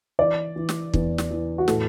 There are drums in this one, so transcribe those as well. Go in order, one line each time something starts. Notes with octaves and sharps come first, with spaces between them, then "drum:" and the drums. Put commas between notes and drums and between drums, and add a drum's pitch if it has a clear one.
E3 D5
E3
drum: snare
E2, drum: kick
drum: snare
E3
F#4
A2 A4, drum: snare